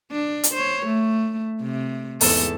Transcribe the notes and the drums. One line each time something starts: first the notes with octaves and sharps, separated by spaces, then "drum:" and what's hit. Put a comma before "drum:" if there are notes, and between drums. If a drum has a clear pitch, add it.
D4
drum: hi-hat
C5 C#5
A3
C3
E2 G#2 A4, drum: open hi-hat